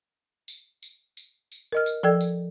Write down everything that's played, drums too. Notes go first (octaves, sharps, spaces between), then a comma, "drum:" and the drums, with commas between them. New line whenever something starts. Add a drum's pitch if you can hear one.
drum: tambourine
drum: tambourine
drum: tambourine
drum: tambourine
A#4 D#5 F6
drum: tambourine
F3 A4 D5 G5 E6 G#6
drum: tambourine